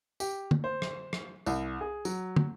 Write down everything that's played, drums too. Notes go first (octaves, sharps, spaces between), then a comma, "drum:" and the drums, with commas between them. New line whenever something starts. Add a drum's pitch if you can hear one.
G4, drum: tambourine
drum: tom
C5
drum: rim click
drum: rim click
C2, drum: tambourine
G#4
F#3, drum: tambourine
drum: tom